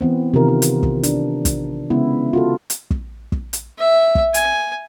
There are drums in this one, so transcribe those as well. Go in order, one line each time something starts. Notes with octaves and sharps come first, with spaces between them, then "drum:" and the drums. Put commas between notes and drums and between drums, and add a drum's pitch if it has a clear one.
E3 B3 C4
C3 D#3 E3 F4 A#4
A#4
drum: hi-hat
drum: kick
D4, drum: hi-hat
drum: kick, hi-hat
C#3 G#3 B3 E4
F4 F#4 A4
drum: hi-hat
drum: kick
drum: kick
drum: hi-hat
E5
drum: kick
G#5, drum: hi-hat